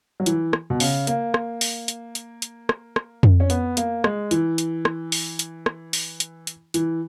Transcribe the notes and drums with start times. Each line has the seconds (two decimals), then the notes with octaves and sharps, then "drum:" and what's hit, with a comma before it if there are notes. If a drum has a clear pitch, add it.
0.20 F#3
0.26 E3, drum: hi-hat
0.53 drum: rim click
0.70 B2
0.80 C#3, drum: open hi-hat
1.07 A#3, drum: hi-hat
1.34 drum: rim click
1.61 drum: open hi-hat
1.88 drum: hi-hat
2.15 drum: hi-hat
2.42 drum: hi-hat
2.69 drum: rim click
2.96 drum: rim click
3.23 drum: tom F2
3.40 C#4
3.50 B3, drum: hi-hat
3.77 A#3, drum: hi-hat
4.04 G#3, drum: rim click
4.31 E3, drum: hi-hat
4.58 drum: hi-hat
4.85 drum: rim click
5.12 drum: open hi-hat
5.39 drum: hi-hat
5.66 drum: rim click
5.93 drum: open hi-hat
6.20 drum: hi-hat
6.47 drum: hi-hat
6.74 E3, drum: hi-hat